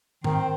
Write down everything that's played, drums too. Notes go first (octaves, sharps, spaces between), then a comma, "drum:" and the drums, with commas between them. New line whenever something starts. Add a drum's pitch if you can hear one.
D#3 C4, drum: tom G#2